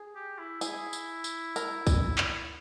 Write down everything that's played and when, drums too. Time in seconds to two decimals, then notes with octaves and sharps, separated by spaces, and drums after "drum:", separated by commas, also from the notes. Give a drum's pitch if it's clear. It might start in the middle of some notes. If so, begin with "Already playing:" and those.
Already playing: G#4
0.15 G4
0.38 E4
0.61 E4 G#4, drum: tambourine
0.93 drum: tambourine
1.24 drum: tambourine
1.56 A#4, drum: tambourine
1.87 drum: kick, tambourine
2.18 drum: clap